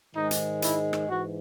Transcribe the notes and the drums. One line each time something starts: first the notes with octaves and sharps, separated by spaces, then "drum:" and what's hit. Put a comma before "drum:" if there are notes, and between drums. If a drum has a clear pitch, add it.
G#2 D#3 G#3 D#4
drum: hi-hat
E4, drum: hi-hat
drum: rim click
G#2 E3 F#4